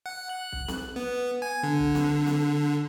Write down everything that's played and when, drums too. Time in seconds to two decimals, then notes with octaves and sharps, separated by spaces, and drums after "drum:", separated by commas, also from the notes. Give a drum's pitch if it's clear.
0.06 F#5
0.29 F#6
0.52 drum: kick
0.68 drum: snare C4
0.96 B3
1.42 G#5
1.63 D3
1.79 drum: kick
1.95 drum: snare C4
2.27 drum: snare C4